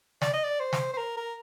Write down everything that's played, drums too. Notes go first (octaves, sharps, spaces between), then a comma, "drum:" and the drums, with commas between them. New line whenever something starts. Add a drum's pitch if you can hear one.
D5, drum: snare
D#5
D5
C5
drum: snare
C5
A#4
A#4